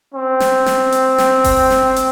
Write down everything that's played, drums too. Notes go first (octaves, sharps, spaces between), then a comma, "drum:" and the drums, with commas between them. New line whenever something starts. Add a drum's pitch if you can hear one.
C4
drum: snare
drum: snare
drum: hi-hat
drum: snare
drum: kick F#1, open hi-hat
drum: snare
drum: hi-hat